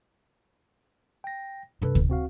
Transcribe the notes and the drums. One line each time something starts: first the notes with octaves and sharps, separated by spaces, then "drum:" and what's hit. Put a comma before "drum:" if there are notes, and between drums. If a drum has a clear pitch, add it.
G5 A#6
G2 C3 D4 A4 B4
drum: kick
C4 F#4 F5